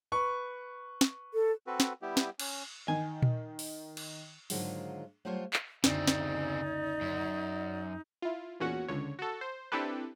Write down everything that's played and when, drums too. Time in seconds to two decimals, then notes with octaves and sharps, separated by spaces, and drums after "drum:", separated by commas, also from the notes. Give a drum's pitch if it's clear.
0.12 B4 C#6
1.01 drum: snare
1.34 A4
1.67 C4 F#4 A4 B4
1.80 drum: snare
2.02 G3 B3 E4 G4
2.17 drum: snare
2.39 C#4, drum: cymbal
2.88 D#3 G#5
3.22 drum: tom A#2
3.59 drum: open hi-hat
3.97 drum: cymbal
4.50 G#2 D3 D#3 F#3 G#3 F4, drum: open hi-hat
5.25 F#3 G3 A3 F4 C5 C#5
5.53 drum: clap
5.84 F#1 D2 C#3 C4 D#4 D5, drum: snare
6.07 drum: snare
7.01 F#2
8.22 E4 F4
8.60 E2 A#2 C#4 F#4 F#5
8.88 C#2 D3 C#5
9.19 F#4 A4
9.41 C5
9.72 C4 D4 E4 G4 A4 B4